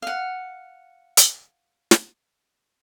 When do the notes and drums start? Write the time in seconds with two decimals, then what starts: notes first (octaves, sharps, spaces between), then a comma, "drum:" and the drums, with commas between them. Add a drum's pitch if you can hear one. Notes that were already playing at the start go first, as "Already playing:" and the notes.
0.02 F5 F#5
1.17 drum: hi-hat
1.91 drum: snare